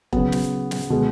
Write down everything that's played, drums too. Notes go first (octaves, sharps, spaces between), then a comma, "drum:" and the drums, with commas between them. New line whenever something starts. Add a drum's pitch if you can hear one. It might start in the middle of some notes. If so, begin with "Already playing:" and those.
C#3 F#3 B3, drum: kick E1
drum: snare
drum: snare
B2 G#3